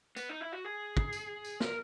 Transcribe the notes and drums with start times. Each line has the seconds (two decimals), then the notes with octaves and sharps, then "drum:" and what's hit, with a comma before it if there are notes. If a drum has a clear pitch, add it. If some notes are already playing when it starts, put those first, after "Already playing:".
0.16 B3, drum: tambourine
0.29 D#4
0.41 E4
0.52 F#4
0.65 G#4
0.97 drum: kick
1.13 drum: tambourine
1.45 drum: tambourine
1.60 A#4, drum: snare